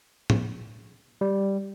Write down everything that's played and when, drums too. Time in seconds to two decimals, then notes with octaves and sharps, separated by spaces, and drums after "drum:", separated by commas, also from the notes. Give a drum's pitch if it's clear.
0.30 drum: tom A2
1.21 G3